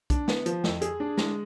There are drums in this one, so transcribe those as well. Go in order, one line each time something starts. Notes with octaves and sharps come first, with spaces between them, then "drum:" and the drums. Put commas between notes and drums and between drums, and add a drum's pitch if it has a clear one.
D4, drum: kick, hi-hat
B3, drum: snare
F3, drum: hi-hat
F2, drum: snare
G#4, drum: hi-hat
D4
G#3, drum: snare